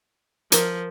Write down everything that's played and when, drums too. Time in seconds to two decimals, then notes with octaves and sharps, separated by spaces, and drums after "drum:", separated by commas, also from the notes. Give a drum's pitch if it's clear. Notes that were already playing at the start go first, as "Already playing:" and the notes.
0.52 F3 A#4 A#5, drum: hi-hat